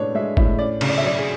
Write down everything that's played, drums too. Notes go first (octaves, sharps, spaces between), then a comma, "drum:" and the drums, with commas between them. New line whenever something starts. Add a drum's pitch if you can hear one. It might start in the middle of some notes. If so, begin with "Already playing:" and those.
Already playing: A2 G#3 B3 D4 C#5
G#3 E5
A2 E5, drum: kick G1
C#4 D5
C#3, drum: cymbal
D5
E5
F#3 D5
G#4